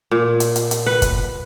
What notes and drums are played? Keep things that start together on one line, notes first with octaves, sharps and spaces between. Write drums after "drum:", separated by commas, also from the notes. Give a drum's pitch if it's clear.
A#2
drum: hi-hat
drum: hi-hat
drum: hi-hat
B4
drum: kick, hi-hat